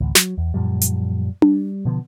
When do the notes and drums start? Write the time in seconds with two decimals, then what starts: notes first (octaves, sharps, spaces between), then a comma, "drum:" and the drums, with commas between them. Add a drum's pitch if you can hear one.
0.01 A1 D2
0.15 F#3, drum: snare
0.38 E2
0.54 F#2 A#2 F3 G3
0.81 drum: hi-hat
1.42 G3, drum: tom D4
1.85 B2 D3 F3 B3